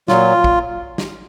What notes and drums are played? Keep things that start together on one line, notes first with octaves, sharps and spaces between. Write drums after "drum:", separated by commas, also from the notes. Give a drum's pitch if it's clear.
A#2 F#3 F4, drum: snare
drum: kick
drum: snare